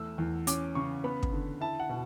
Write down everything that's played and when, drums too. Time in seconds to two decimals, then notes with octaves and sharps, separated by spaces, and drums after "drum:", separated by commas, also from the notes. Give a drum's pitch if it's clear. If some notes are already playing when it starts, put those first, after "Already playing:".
Already playing: E2 A3 E6
0.18 E2
0.47 C#4 D6, drum: hi-hat
0.75 C#3 C#6
1.04 B3 B5
1.23 drum: kick
1.33 D3
1.61 E4 A5
1.80 F#5
1.89 B2